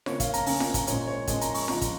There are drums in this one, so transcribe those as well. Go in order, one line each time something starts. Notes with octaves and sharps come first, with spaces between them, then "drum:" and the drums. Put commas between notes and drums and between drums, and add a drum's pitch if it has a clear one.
C#3 A#3 C#4 C#5, drum: snare F4
F5, drum: kick, hi-hat
A#5, drum: hi-hat
C#3 A#3 C#4 G#5, drum: open hi-hat
drum: snare F4
A#5, drum: kick, hi-hat
A#2 G#3 C#4 C#5, drum: hi-hat
C#5
A#2 G#3 C#4 G#5, drum: kick, hi-hat
A#5, drum: hi-hat
C#6, drum: open hi-hat
C#3 F3 G#3 A#5, drum: snare F4
drum: kick, hi-hat